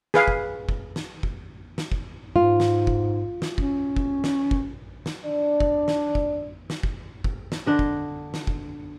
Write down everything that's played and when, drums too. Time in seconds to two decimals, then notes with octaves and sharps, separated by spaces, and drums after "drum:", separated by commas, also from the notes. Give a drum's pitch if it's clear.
0.14 G#4 B4 F5, drum: snare
0.28 drum: kick
0.69 drum: kick
0.96 drum: snare
1.23 drum: kick
1.78 drum: snare
1.92 drum: kick
2.36 G#2 F4
2.60 drum: snare
2.87 drum: kick
3.42 drum: snare
3.58 C#4, drum: kick
3.96 drum: kick
4.24 drum: snare
4.51 drum: kick
5.06 drum: snare
5.24 D4 D5
5.60 drum: kick
5.88 drum: snare
6.15 drum: kick
6.70 drum: snare
6.83 drum: kick
7.24 drum: kick
7.52 drum: snare
7.67 D3 D4 D#5
7.79 drum: kick
8.34 drum: snare
8.47 drum: kick